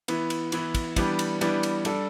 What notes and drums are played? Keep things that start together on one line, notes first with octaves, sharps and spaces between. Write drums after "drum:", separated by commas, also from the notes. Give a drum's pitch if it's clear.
E3 B3 E4, drum: cymbal
drum: cymbal
E3 B3 E4, drum: cymbal
drum: kick, cymbal
E3 G3 B3 D4 G4, drum: kick, cymbal
drum: cymbal
E3 G3 B3 D4 G4, drum: cymbal
drum: cymbal
G3 D4 A4, drum: cymbal